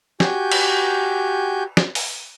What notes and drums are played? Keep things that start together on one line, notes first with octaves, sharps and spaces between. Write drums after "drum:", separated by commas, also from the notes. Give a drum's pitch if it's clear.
F#4 G4 G#5 G6, drum: snare
drum: cymbal
drum: snare
drum: open hi-hat